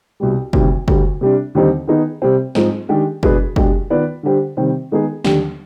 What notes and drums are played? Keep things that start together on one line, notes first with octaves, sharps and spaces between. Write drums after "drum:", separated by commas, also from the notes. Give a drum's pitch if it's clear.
C2 B2 G3
D2 C3 D#3 G3, drum: kick
D2 D3 G3, drum: kick
C3 G3 D4
D#2 D3 G3 C4 D#4
D#3 B3 D#4 G#4
C3 G3 C4
G#2 F3 G#3 C4 D#4, drum: snare
D#3 G#3 D4 G4
B2 G#3 D4 G#4 B4, drum: kick
B2 G#3 D4 G4, drum: kick
D#3 B3 F4 B4 D5
D3 G3 D4 G4 C5
C3 D#3 G3 C4
D#3 G#3 B3 D#4 G#4
D#2 D3 G3 D4 G4, drum: snare